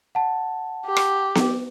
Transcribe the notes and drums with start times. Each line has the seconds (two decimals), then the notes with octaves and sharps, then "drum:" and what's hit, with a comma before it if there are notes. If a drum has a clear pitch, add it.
0.15 F#5 A5
0.86 G4
0.97 drum: rim click
1.35 drum: snare B3